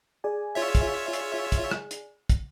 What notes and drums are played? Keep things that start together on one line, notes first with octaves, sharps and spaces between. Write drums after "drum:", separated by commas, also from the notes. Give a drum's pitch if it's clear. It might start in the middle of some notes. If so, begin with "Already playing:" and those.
G#4 D5 G#5
F4 C#5 E5
drum: kick, hi-hat
drum: hi-hat
drum: kick, hi-hat
drum: rim click
drum: hi-hat
drum: kick, hi-hat